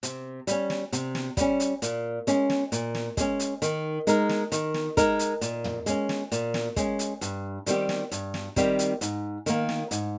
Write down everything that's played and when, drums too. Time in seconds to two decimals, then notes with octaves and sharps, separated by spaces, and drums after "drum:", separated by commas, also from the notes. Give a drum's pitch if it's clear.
0.03 C3, drum: hi-hat
0.47 G3 C#4, drum: hi-hat
0.70 drum: snare
0.93 C3, drum: hi-hat
1.15 drum: snare
1.37 G3 C#4, drum: kick, hi-hat
1.60 drum: hi-hat
1.82 A#2, drum: hi-hat
2.27 G#3 C#4, drum: hi-hat
2.50 drum: snare
2.72 A#2, drum: hi-hat
2.95 drum: snare
3.17 G#3 C#4, drum: kick, hi-hat
3.39 drum: hi-hat
3.62 D#3, drum: hi-hat
4.07 G#3 D#4 A#4, drum: hi-hat
4.29 drum: snare
4.52 D#3, drum: hi-hat
4.74 drum: snare
4.97 G#3 D#4 A#4, drum: kick, hi-hat
5.19 drum: hi-hat
5.41 A#2, drum: hi-hat
5.64 drum: tom
5.86 G#3 C#4, drum: hi-hat
6.09 drum: snare
6.32 A#2, drum: hi-hat
6.54 drum: snare
6.76 G#3 C#4, drum: kick, hi-hat
6.99 drum: hi-hat
7.21 G2, drum: hi-hat
7.66 D#3 G3 C4 G4, drum: hi-hat
7.89 drum: snare
8.11 G2, drum: hi-hat
8.34 drum: snare
8.56 D#3 G3 C4 G4, drum: kick, hi-hat
8.79 drum: hi-hat
9.01 G#2, drum: hi-hat
9.46 D#3 A#3, drum: hi-hat
9.69 drum: snare
9.91 G#2, drum: hi-hat